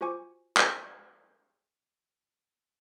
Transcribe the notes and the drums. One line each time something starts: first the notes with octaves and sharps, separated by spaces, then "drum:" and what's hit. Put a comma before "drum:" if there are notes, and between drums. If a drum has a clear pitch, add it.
F4 F#4 C5 G#5 C#6 D6
drum: clap